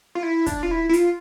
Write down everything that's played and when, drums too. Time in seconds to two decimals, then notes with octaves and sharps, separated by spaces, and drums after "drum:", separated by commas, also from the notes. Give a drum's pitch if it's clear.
0.15 F4
0.23 E4
0.46 D4, drum: kick, hi-hat
0.63 F4
0.71 E4
0.89 E4
0.93 F4, drum: hi-hat